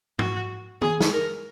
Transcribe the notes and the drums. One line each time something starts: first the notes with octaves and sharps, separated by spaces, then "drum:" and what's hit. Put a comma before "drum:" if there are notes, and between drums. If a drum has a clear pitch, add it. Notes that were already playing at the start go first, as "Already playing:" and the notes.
F#4, drum: tom G#2
G#4, drum: tom D#3
drum: snare
A#4